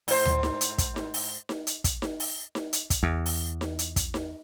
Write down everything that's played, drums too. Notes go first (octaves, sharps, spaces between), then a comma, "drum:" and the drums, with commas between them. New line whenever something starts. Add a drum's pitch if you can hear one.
G#2 C5, drum: open hi-hat
drum: tom D2
drum: snare D#4
drum: hi-hat
drum: kick, hi-hat
drum: snare D#4
drum: open hi-hat
drum: snare D#4
drum: hi-hat
drum: kick, hi-hat
drum: snare D#4
drum: open hi-hat
drum: snare D#4
drum: hi-hat
drum: kick, hi-hat
E2
drum: open hi-hat
drum: snare D#4
drum: hi-hat
drum: kick, hi-hat
drum: snare D#4